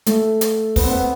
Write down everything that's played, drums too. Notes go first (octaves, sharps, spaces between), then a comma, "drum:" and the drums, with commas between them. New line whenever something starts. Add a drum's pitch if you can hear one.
A3, drum: hi-hat
drum: hi-hat
B3, drum: kick, open hi-hat
C4
B3